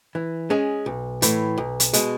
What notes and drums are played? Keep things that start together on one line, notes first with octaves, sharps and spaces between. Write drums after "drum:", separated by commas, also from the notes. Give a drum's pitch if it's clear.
E3
G#3 C#4 G#4
B1
A2 E3, drum: hi-hat
B1
drum: hi-hat
B2 G#3, drum: hi-hat